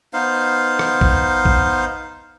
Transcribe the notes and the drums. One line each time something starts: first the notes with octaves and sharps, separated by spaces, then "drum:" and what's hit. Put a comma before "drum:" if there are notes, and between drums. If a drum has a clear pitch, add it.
B3 D#4 C5 F5
drum: rim click
drum: kick A#1
drum: kick A#1